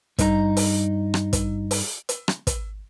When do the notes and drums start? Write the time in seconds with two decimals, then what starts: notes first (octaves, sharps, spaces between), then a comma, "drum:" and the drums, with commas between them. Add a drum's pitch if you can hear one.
0.19 G2 D#4 A#4 A#5, drum: kick, hi-hat
0.57 drum: open hi-hat
1.14 drum: rim click
1.33 drum: kick, hi-hat
1.71 drum: open hi-hat
2.09 drum: hi-hat
2.28 drum: rim click
2.47 drum: kick, hi-hat